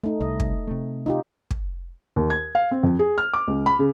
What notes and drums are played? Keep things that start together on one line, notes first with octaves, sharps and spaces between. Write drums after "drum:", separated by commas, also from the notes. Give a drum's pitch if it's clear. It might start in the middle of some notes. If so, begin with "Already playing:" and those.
A3 D#4
C2 D#5
drum: kick
C3 A3
D#4 F4 G4
drum: kick
D#2
G#6
F5
C4
F2
G#4
F6
D6
C#2
B5
C#3